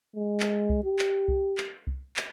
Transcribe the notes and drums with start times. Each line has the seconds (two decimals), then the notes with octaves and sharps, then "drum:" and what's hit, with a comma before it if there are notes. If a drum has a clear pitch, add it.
0.16 G#3
0.40 drum: clap
0.69 drum: kick C2
0.84 G4
0.99 drum: clap
1.28 drum: kick C2
1.58 drum: clap
1.87 drum: kick C2
2.16 drum: clap